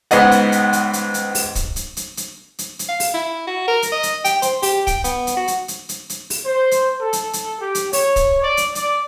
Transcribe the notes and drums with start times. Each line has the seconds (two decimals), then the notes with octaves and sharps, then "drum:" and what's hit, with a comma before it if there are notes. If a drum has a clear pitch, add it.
0.11 C#2 G#2 B3 D#5 F#5, drum: hi-hat
0.31 drum: hi-hat
0.52 drum: hi-hat
0.73 drum: hi-hat
0.93 drum: hi-hat
1.14 drum: hi-hat
1.35 drum: open hi-hat
1.55 drum: kick, hi-hat
1.76 drum: hi-hat
1.97 drum: hi-hat
2.17 drum: hi-hat
2.59 drum: hi-hat
2.79 drum: hi-hat
2.89 F5
3.00 drum: open hi-hat
3.14 E4
3.47 F#4
3.68 A#4
3.82 drum: hi-hat
3.92 D#5
4.03 drum: hi-hat
4.25 G5, drum: hi-hat
4.42 C5, drum: hi-hat
4.63 G4, drum: open hi-hat
4.87 G5, drum: kick, hi-hat
5.04 B3, drum: hi-hat
5.27 drum: hi-hat
5.37 F#4
5.48 drum: hi-hat
5.68 drum: hi-hat
5.89 drum: hi-hat
6.10 drum: hi-hat
6.30 drum: open hi-hat
6.46 C5
6.71 drum: hi-hat
7.01 A4
7.13 drum: hi-hat
7.33 drum: hi-hat
7.60 G4
7.75 drum: hi-hat
7.93 C#5, drum: open hi-hat
8.16 drum: kick, hi-hat
8.42 D5
8.57 drum: hi-hat
8.75 D5, drum: hi-hat